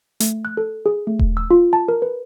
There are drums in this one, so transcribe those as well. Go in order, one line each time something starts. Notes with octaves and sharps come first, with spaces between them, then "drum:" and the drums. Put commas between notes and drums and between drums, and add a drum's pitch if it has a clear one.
A3, drum: hi-hat
F#6
A4
G#4
A3
drum: kick D#1
E6
F4
A5
A#4
B4